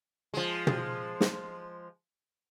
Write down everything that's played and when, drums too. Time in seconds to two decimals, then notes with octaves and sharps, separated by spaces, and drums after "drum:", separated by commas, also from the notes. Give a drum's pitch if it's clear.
0.34 F3 G#3
0.67 drum: tom
1.21 drum: snare